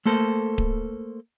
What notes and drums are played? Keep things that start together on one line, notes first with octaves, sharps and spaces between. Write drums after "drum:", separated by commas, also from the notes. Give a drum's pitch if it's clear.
A3 A#3 A4 C5
drum: kick D1